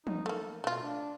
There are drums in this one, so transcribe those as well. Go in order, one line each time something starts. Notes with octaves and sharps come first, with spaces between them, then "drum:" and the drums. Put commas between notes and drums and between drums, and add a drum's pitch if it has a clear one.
D#4, drum: tom E3
A3 A#3 A4
B2 A3 F4
D4